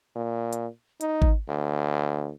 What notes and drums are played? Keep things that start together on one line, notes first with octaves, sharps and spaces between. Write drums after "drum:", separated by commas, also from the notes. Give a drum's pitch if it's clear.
A#2
drum: hi-hat
D#4, drum: hi-hat
drum: kick G#1
D2